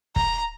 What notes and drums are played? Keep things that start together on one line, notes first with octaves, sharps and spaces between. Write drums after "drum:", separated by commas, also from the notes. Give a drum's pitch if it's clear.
A#5, drum: kick